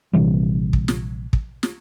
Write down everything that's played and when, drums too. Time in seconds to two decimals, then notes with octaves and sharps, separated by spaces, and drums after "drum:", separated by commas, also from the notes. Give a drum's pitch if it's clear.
0.13 A#1 C3 E3 G3
0.73 drum: kick
0.88 drum: snare
1.33 drum: kick
1.63 drum: snare